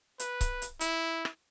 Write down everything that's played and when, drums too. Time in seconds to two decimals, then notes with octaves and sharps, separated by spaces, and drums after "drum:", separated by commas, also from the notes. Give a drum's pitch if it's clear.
0.20 B4, drum: hi-hat
0.41 drum: kick C#1, hi-hat
0.62 drum: hi-hat
0.81 E4, drum: hi-hat
1.25 drum: rim click